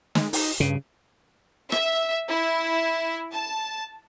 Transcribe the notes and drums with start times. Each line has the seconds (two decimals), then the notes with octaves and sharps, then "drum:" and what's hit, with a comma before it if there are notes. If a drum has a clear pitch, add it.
0.15 G#3, drum: snare
0.33 D#4, drum: open hi-hat
0.60 G2 C#3
1.72 E5, drum: rim click
2.28 E4
3.32 A5